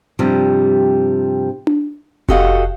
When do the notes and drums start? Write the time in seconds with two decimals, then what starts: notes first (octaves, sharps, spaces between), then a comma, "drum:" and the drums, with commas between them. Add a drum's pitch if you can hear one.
0.19 G2 C3 F3 G3
1.67 drum: tom D4
2.29 F#4 G4 A4 D#5 F5 F#5, drum: kick F1